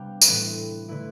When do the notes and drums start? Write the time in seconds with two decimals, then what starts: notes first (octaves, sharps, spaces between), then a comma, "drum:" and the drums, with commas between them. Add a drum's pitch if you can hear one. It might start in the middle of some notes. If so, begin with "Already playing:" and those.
Already playing: C3 G3 B3 D4 F5 G5
0.22 B4, drum: tambourine
0.27 A2 E3 A3 C5
0.88 D3 A3 E4 B4